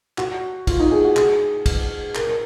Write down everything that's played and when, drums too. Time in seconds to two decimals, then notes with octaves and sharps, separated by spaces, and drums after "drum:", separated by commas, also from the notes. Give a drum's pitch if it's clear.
0.18 F#4, drum: clap
0.67 F4, drum: kick, cymbal
0.80 D#4
0.91 G#4
1.05 F#4
1.16 G#4, drum: clap
1.66 drum: kick, cymbal
2.15 A#4, drum: clap
2.27 A#4